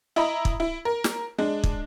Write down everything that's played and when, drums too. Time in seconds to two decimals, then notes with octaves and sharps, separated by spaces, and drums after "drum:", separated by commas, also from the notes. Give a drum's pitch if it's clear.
0.16 E4 D#5 A#5 B5
0.45 drum: kick
0.60 E4
0.85 A#4
1.04 drum: snare
1.38 G#3 D4
1.64 drum: kick